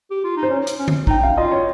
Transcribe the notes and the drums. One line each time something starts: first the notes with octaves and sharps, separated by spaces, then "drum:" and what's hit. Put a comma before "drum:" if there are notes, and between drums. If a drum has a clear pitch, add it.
G4
F4
D#4
C5
C#4 C#5
drum: hi-hat
C#4
drum: tom
D#4 G5, drum: kick
F5
F4 D#5
C#5